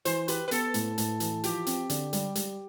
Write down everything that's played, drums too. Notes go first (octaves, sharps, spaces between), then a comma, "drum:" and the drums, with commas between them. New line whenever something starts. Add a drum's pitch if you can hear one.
E3 C5, drum: hi-hat
G4 B4, drum: hi-hat
B4
B3 A4, drum: hi-hat
A2, drum: hi-hat
A2, drum: hi-hat
E3, drum: hi-hat
F3 G4, drum: hi-hat
C4, drum: hi-hat
D3, drum: hi-hat
G3, drum: hi-hat
G3, drum: hi-hat